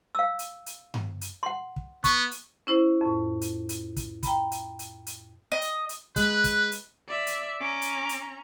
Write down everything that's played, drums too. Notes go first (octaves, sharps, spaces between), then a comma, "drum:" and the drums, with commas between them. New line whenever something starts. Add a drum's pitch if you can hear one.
F5 E6
drum: hi-hat
drum: hi-hat
drum: tom G2
drum: hi-hat
F#5 C6
drum: kick
B3 C#6, drum: kick, hi-hat
drum: hi-hat
C#4 E4 C5
F2 A2
drum: hi-hat
drum: hi-hat
drum: kick, hi-hat
G5 A#5 B5, drum: kick, hi-hat
drum: hi-hat
drum: hi-hat
drum: hi-hat
D#5
drum: hi-hat
drum: hi-hat
G#3 B4 F#6, drum: kick, hi-hat
drum: kick, hi-hat
drum: hi-hat
D5 E5
drum: hi-hat
C#4 A#5 D6
drum: hi-hat
drum: hi-hat